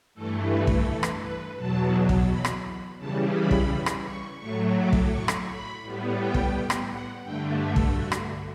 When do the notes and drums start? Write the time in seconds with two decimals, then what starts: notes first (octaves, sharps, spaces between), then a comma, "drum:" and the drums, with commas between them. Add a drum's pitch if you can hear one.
0.14 G2 E3 A3 A4
0.49 B4
0.67 drum: kick
0.85 A4
1.03 drum: rim click
1.21 B4
1.55 E2 B2 F#3 A5
2.09 drum: kick
2.27 B5
2.45 drum: rim click
2.98 C#3 E3 G3 A5
3.33 B5
3.51 drum: kick
3.86 drum: rim click
4.04 C#6
4.39 A2 F#3 A3 C#6
4.75 D6
4.93 drum: kick
5.10 C#6
5.28 drum: rim click
5.46 B5
5.81 A2 G3 B3
6.17 G5
6.34 drum: kick
6.70 drum: rim click
6.88 F#5
7.23 G2 D3 A3 G5
7.59 E5
7.76 drum: kick
7.94 F#4
8.12 drum: rim click